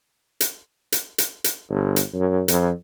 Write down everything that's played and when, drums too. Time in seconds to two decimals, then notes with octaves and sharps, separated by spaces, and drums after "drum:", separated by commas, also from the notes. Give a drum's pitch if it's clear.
0.40 drum: hi-hat
0.92 drum: hi-hat
1.18 drum: hi-hat
1.44 drum: hi-hat
1.70 G1
1.96 drum: hi-hat
2.14 F#2
2.48 F2, drum: hi-hat